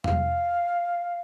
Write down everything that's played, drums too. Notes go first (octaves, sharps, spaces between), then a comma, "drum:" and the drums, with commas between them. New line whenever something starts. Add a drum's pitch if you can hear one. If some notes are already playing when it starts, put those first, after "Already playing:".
F5, drum: tom E2